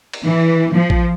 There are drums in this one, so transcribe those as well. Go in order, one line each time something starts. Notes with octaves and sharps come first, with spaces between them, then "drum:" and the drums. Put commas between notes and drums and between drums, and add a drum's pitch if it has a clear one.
drum: cymbal
E3
F3
drum: kick A1